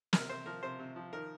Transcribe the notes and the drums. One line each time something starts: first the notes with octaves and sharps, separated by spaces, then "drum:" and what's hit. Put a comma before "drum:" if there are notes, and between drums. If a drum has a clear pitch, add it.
C3 A#4, drum: snare
C3 C5
F3 A#4
C3 C5
C3
F3
D#3 A#4